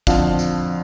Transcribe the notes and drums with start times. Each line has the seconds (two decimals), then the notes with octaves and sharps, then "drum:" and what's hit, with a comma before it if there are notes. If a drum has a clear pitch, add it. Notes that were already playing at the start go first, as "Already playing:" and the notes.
0.07 F2 D3 F3 F5, drum: kick, tambourine
0.39 drum: tambourine